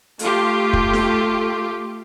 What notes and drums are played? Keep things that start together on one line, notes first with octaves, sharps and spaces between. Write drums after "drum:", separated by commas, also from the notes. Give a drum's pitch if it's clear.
A3 F4 G4, drum: hi-hat
drum: kick
drum: snare